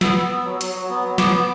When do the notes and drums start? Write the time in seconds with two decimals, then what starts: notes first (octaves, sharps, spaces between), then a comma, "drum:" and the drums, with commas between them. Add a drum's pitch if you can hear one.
0.01 B3 E6, drum: snare
0.16 B3
0.31 B3
0.45 F#3
0.61 F#3, drum: hi-hat
0.75 F#3
0.90 B3
1.04 F#3
1.18 B3 D6, drum: snare
1.33 B3